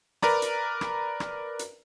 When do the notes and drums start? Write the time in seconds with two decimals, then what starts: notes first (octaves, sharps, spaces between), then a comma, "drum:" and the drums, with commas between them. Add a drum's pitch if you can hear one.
0.22 A#4 B4 D5 A#5, drum: rim click
0.42 drum: hi-hat
0.81 drum: rim click
1.20 drum: rim click
1.59 drum: hi-hat